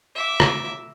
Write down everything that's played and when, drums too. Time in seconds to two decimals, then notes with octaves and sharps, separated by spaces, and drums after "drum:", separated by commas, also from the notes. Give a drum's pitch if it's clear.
0.15 E5 D6
0.40 drum: rim click